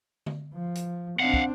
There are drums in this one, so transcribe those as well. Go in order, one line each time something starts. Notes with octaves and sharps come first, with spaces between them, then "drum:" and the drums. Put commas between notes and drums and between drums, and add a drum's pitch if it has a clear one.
drum: tom D3
F3
drum: hi-hat
C4 D4 F5 F#5
drum: kick